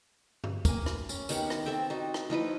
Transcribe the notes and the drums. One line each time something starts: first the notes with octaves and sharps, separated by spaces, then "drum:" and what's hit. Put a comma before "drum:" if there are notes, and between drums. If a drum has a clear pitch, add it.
drum: tom G2
A#3 G#5, drum: kick, tambourine
drum: rim click
C#4, drum: tambourine
D#3 B3 G4 F#5, drum: tambourine
drum: rim click
C4 A4 E5 G5
D#4 F#4
drum: rim click
F3 D#4 E4 B4